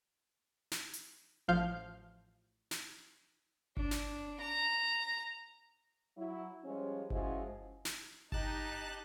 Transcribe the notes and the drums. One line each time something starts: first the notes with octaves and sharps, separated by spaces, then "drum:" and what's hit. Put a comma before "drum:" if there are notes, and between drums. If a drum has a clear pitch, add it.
drum: snare
drum: hi-hat
A1 F3 F5 F6 G6
drum: snare
D4, drum: kick G1
drum: snare
A#5
F#3 E4
F3 G3 G#3 C#4
F3 G#3 C#4 E4 F#4, drum: kick G1
drum: snare
D#4 G4 A5 F#6, drum: kick G1